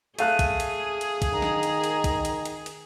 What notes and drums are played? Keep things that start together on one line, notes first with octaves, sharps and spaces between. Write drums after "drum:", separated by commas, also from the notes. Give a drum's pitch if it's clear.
A3 G#4 F5 F#6 D#7, drum: hi-hat
drum: kick B1, hi-hat
drum: hi-hat
drum: hi-hat
drum: kick B1, hi-hat
D#3 A#5
drum: snare
drum: hi-hat
drum: hi-hat
drum: kick B1, hi-hat
drum: hi-hat
drum: hi-hat
drum: hi-hat